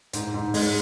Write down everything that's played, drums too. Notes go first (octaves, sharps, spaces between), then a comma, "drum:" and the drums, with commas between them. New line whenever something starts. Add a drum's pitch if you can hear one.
G#2, drum: hi-hat
G#2
G#3, drum: open hi-hat